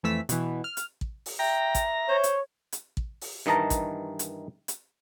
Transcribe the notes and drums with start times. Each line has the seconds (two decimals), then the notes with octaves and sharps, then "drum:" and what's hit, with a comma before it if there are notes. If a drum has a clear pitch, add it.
0.03 F2 E3 A3 E6 B6
0.29 B2 E3, drum: hi-hat
0.64 F6
0.77 drum: hi-hat
1.01 drum: kick
1.26 drum: open hi-hat
1.39 E5 G5 A#5
1.75 drum: kick, hi-hat
2.09 C5 C#5
2.24 drum: hi-hat
2.72 drum: hi-hat
2.97 drum: kick
3.21 drum: open hi-hat
3.46 G2 D#3 E3 D#5 A5 A#5
3.70 drum: kick, hi-hat
4.19 drum: hi-hat
4.68 drum: hi-hat